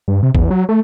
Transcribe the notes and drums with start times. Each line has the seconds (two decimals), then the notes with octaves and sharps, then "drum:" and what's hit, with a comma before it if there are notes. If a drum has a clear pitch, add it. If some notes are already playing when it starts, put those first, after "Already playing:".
0.08 G2
0.23 C3
0.35 E2, drum: kick A1
0.51 F#3
0.69 A3